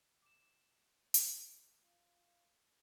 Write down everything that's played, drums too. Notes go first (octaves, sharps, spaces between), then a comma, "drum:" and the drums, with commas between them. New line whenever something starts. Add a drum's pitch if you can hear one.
D6 E7
drum: hi-hat
F4